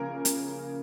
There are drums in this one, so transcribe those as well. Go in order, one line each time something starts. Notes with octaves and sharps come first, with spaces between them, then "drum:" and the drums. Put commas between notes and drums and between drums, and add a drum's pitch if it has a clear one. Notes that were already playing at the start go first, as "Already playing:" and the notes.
Already playing: C#3 F3 A#3 C#4 A#4
drum: hi-hat